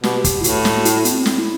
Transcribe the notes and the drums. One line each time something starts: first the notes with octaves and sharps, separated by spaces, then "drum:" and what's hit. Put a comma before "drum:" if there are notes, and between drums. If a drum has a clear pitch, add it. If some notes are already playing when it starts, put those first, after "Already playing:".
B2 G4, drum: snare
drum: kick, hi-hat
E4
A2 F#4, drum: hi-hat
drum: snare
E4, drum: hi-hat
B3, drum: hi-hat
C4
drum: snare
E4